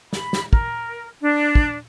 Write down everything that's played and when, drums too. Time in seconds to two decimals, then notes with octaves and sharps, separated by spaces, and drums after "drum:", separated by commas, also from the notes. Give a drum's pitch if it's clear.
0.13 B5, drum: snare
0.33 drum: snare
0.53 A#4, drum: kick
1.22 D4
1.55 drum: kick